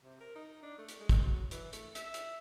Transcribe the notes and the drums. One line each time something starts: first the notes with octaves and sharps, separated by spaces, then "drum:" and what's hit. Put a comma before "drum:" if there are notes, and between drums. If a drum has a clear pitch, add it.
C3
A#4
D#4
D4
A3
drum: hi-hat
G#3
drum: kick, hi-hat
F#3
E3, drum: hi-hat
A3, drum: hi-hat
E5, drum: hi-hat
drum: hi-hat